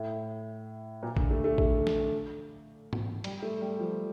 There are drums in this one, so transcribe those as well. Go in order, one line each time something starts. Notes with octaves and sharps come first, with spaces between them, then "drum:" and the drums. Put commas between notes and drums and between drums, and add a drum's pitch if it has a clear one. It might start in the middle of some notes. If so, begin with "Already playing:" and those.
Already playing: A2
A#2
D3, drum: kick
A3
A3
A3, drum: kick
drum: snare
drum: tom G#2
G3, drum: cymbal
A3
G3
F3